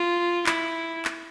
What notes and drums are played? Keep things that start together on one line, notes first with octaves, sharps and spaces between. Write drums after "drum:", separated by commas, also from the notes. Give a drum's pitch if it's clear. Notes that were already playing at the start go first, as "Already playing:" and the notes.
Already playing: F4
E4, drum: clap
drum: clap